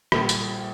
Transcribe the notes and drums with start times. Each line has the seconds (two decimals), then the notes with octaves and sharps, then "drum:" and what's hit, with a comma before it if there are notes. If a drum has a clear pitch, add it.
0.12 A#1 A#2 G3 A4, drum: rim click
0.29 drum: tambourine